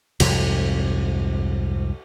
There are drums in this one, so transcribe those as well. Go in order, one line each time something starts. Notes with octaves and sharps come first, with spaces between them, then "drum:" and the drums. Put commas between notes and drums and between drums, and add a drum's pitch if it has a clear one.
C2 F2 G#2 C3, drum: cymbal